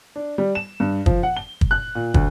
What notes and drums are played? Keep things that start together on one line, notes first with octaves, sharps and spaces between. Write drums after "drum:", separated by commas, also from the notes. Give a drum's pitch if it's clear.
D4
G3
E7
G2
F3, drum: kick
F#5
G7
drum: kick
F#6
A#2
D2, drum: kick